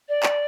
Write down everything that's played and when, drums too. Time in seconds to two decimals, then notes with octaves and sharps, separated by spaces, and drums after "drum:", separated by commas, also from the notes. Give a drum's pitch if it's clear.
0.09 D5
0.23 drum: clap